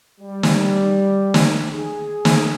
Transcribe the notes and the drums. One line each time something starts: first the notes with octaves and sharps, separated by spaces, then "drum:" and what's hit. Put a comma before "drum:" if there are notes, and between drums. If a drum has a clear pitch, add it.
G3
drum: snare
drum: snare
G#4
drum: snare